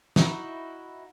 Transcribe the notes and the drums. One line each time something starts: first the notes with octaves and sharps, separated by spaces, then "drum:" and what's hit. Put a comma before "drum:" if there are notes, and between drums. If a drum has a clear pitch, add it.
D#4 E4 F#4, drum: snare